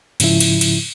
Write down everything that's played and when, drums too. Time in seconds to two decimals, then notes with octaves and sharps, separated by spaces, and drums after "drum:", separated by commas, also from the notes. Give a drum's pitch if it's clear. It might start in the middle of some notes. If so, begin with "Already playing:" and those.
0.20 G#2 C#3 F3 E4, drum: cymbal
0.40 drum: cymbal
0.61 drum: cymbal